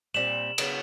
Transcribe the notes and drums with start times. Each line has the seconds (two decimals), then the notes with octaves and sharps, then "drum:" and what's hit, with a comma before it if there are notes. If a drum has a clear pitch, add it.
0.14 A#2 G3 C4 E7 F#7
0.58 C#3 F#3 B3, drum: cymbal